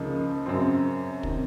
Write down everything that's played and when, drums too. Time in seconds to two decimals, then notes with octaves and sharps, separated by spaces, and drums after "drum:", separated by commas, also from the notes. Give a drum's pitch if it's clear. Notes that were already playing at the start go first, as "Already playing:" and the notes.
Already playing: C#2 C#3 F3 A#3 D#4
0.46 F#2 C#3 F#3 C4
1.23 C3 D#3, drum: kick